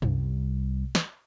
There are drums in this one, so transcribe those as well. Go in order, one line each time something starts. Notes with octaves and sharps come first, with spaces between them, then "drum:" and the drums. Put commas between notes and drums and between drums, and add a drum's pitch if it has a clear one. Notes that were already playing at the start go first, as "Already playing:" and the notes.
C2 G3, drum: tom F#2
drum: snare